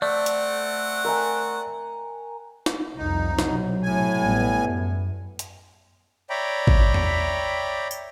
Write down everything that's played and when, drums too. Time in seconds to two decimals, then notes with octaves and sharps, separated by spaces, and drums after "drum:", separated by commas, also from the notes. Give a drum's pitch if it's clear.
0.02 A3 C4 D5 F#5
0.26 drum: hi-hat
1.05 A#4 G5 G#5
2.66 drum: snare
2.97 C2 F2 D#4
3.39 B1 C3 F#3, drum: snare
3.83 A2 G#5
4.18 A1 G3 B3
4.65 F#2
5.39 drum: hi-hat
6.30 C#5 D5 E5 G5 A#5 B5
6.67 drum: kick
6.94 drum: tom E2
7.91 drum: tambourine